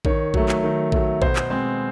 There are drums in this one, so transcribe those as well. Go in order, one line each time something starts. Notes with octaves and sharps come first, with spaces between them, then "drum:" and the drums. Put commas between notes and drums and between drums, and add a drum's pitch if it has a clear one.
D#3 C#5, drum: kick A#1
F#3 A3, drum: kick A#1
drum: clap
D#3
F#3 A3, drum: kick A#1
B2 C5, drum: kick A#1
drum: clap
G#3 C4